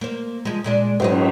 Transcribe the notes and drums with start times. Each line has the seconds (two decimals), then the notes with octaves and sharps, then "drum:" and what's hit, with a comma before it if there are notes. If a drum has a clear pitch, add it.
0.01 A#3 C5
0.45 F3 G#3
0.64 A#2 G#3 D4
1.00 G#2 F#3 D#5, drum: cymbal